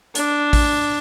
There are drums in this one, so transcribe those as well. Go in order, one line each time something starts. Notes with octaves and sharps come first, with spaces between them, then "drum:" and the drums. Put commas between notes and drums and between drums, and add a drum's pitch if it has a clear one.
D4, drum: hi-hat
drum: kick A1, open hi-hat